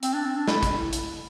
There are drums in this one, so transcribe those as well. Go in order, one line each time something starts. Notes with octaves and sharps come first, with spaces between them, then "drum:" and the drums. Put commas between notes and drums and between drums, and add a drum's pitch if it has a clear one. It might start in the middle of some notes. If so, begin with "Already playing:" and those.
C4, drum: hi-hat
D4
C4
D4
E4, drum: snare
drum: kick, hi-hat
drum: hi-hat